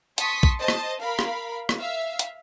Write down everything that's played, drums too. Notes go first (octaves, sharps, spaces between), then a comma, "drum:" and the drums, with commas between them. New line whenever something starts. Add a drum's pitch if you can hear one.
A5 C6 C#6 D#6 B6, drum: hi-hat
drum: kick
C5 D#5 A5
drum: rim click
A#4 F5 B5
drum: rim click
drum: rim click
E5 F5
drum: hi-hat